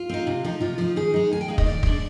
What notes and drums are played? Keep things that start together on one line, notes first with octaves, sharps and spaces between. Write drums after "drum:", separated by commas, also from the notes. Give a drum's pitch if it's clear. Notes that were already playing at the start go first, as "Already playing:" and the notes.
Already playing: F4
C4 D#4
C3
F3 C4 D#4
C3 F4
F3 C4 D#4 F4
D#3 G#4
G#3 D#4
D#3 G#5
G5
G#3 D#4 F5
D#5, drum: kick
D#3 D5
G#3 D4, drum: kick